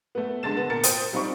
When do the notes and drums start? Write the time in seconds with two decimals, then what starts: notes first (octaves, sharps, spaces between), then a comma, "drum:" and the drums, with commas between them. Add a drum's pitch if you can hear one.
0.15 A3 B3
0.43 D3 G#3 A5 A6 E7
0.57 B3
0.70 A#2 A#4 A6 C#7
0.83 C5 G5 D#6, drum: hi-hat
1.13 G3 C4 D#4 F4 C#6 C#7